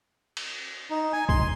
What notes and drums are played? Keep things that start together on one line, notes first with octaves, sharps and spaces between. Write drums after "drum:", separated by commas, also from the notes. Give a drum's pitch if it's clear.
drum: cymbal
D#4
G#5
C6, drum: kick